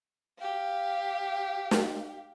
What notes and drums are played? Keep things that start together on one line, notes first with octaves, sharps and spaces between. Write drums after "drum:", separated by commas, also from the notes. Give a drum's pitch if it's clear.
G4 F5
drum: snare